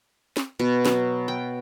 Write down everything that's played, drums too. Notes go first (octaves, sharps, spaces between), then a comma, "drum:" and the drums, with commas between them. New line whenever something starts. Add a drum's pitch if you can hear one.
drum: snare
B2
F#3, drum: snare
G5